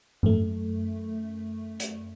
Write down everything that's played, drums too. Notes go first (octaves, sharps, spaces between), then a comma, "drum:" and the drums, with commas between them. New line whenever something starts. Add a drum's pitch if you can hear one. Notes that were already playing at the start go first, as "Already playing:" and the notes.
F#2 A3, drum: tom G#2
drum: hi-hat